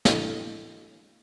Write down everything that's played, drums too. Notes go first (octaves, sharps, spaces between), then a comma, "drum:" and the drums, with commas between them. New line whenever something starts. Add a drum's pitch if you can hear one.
D4 E4 A4 D#5 F5, drum: snare